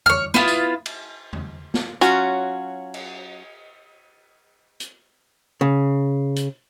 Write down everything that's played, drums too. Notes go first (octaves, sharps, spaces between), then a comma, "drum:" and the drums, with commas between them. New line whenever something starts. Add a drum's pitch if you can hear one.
C#5 F6, drum: tom E2
B3 E4 F4, drum: snare
drum: tambourine
drum: cymbal
drum: tom E2
drum: snare
F#3 C#4 F4 F#4, drum: hi-hat
drum: cymbal
drum: hi-hat
C#3
drum: hi-hat